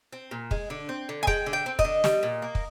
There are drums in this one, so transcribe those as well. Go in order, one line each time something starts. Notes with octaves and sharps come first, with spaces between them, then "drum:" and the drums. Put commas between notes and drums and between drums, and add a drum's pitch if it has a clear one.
C4
A#2
G#3, drum: kick
D3
C4
D3
G#5
G#3 G5, drum: kick
D3
G5
C4
D#5, drum: kick
D3
G3, drum: snare
A#2
A#3
drum: kick